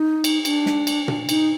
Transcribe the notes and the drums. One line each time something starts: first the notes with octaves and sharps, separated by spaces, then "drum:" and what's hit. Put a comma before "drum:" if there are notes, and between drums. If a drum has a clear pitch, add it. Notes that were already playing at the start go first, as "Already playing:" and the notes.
Already playing: D#4
drum: cymbal
D4, drum: cymbal
drum: snare
drum: cymbal
drum: tom A#2
D#4, drum: cymbal